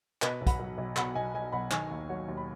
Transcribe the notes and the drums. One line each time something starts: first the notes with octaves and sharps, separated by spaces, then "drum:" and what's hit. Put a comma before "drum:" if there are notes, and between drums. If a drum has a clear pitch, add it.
B2 B4 D#5, drum: clap
B1
F#5 B5, drum: kick, hi-hat
F#3
B1
B2 F#5 B5, drum: clap
B1 D#5 G#5
F#3 D#5 G#5
B1 F#5 B5
D#3 G#5 C#6, drum: clap
D#2
F#3 C#5 F#5
D#2
B5